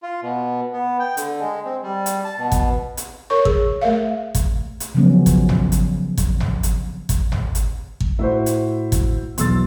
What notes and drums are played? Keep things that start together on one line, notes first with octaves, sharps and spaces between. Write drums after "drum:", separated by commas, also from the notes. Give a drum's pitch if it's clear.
F4
B2
B3
G5
D3, drum: hi-hat
G#3
C4
G3
drum: hi-hat
A5
B2
drum: kick, hi-hat
drum: hi-hat
A#4 C#5 C#6
G#4, drum: kick
A3 A#4 E5 F5
drum: kick, hi-hat
drum: hi-hat
C#3 F3 F#3 G#3 B3 C#4
drum: kick, hi-hat
drum: tom G#1
drum: hi-hat
drum: kick, hi-hat
drum: tom G#1
drum: hi-hat
drum: kick, hi-hat
drum: tom G#1
drum: hi-hat
drum: kick
A2 E4 F#4 C5
drum: hi-hat
drum: kick, hi-hat
B1 E2 C6 E6 A6, drum: hi-hat